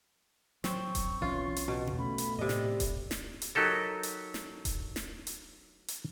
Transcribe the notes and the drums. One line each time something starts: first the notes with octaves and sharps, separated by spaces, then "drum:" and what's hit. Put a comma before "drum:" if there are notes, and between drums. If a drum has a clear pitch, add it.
F#3 C4 C#6, drum: snare
drum: kick D#1, hi-hat
B1 E3 C#4 F4
drum: hi-hat
B2
drum: tom B2
A3 C#4 B5
drum: hi-hat
A2 C3 D5 D#5
drum: snare
drum: kick D#1, hi-hat
drum: snare
drum: hi-hat
F#3 D#4 G4 A4 A#4
drum: hi-hat
drum: snare
drum: kick D#1, hi-hat
drum: snare
drum: hi-hat
drum: hi-hat